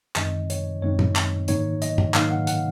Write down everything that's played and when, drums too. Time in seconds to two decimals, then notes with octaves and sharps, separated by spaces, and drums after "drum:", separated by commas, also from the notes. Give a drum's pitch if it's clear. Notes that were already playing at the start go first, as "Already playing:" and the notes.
0.16 F#2 D#3 G#3 C4 D#4 D#5, drum: clap
0.50 C#5, drum: hi-hat
0.82 F#2 D#3 G#3 C4 D#4 C#5
0.99 drum: tom
1.15 drum: clap
1.48 G#2 D#3 A#3 D#4 C#5, drum: hi-hat
1.82 D#5, drum: hi-hat
1.98 drum: tom
2.14 G#2 D#3 A#3 D#4 F5, drum: clap
2.31 F#5
2.47 F#5, drum: hi-hat